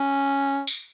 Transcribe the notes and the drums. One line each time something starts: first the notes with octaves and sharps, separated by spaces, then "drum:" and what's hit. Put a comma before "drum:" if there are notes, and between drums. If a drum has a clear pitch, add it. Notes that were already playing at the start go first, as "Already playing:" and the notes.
Already playing: C#4
drum: tambourine